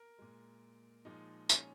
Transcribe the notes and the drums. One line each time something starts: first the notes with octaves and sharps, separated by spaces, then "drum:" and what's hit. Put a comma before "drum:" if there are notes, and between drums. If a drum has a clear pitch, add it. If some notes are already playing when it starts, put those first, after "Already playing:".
Already playing: A#4
A#2 G#3
A#2 F3 G#3 D#4
C#4, drum: tambourine